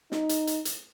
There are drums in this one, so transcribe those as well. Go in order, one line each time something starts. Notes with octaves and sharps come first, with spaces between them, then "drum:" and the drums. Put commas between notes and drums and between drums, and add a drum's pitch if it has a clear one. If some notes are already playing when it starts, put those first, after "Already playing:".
D#4, drum: snare
drum: hi-hat
drum: hi-hat
drum: hi-hat